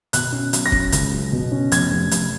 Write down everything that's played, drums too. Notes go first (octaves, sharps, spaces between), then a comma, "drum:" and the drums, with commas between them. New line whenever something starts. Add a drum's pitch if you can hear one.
B2 F#6, drum: hi-hat
C#4
F#3, drum: hi-hat
A#6
C#4, drum: kick
C#2, drum: hi-hat
F#3
B2
C#4
F1 G#6, drum: hi-hat
F1
F1, drum: hi-hat